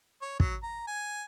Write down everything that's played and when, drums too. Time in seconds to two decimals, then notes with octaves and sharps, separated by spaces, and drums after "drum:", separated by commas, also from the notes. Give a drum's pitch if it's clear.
0.22 C#5
0.40 F#3, drum: kick
0.63 A#5
0.87 G#5